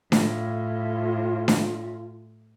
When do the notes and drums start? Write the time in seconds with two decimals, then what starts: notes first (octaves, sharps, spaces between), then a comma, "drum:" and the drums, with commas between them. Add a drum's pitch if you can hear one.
0.12 A2 F4, drum: snare D4
1.48 drum: snare D4